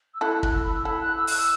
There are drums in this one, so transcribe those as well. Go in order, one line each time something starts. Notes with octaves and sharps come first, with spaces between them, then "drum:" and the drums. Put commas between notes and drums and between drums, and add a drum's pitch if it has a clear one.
E6
E4 A4 F#6
F#6
F#6, drum: kick
E6
B5
E6
E4 A4 B5
F#6
E6
F#6, drum: open hi-hat
E6